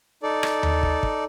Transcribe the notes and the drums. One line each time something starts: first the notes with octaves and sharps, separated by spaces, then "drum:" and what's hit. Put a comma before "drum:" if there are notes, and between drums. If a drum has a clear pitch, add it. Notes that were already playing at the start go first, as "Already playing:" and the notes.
D#4 A4 D5
drum: rim click
drum: tom D#2
drum: kick
drum: kick